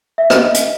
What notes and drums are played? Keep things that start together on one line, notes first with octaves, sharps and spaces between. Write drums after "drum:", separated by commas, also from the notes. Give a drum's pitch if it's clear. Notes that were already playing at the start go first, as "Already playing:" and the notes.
E5
D#5, drum: rim click
drum: hi-hat